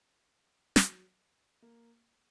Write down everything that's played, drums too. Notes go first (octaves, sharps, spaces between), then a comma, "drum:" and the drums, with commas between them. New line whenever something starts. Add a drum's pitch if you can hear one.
F#3, drum: snare
A#3